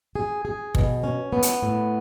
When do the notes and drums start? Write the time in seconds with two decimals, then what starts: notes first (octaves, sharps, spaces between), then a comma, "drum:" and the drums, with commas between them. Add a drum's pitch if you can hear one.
0.16 G#4
0.45 G#4
0.75 B2, drum: kick
1.04 C#4
1.33 B3
1.43 drum: hi-hat
1.63 A2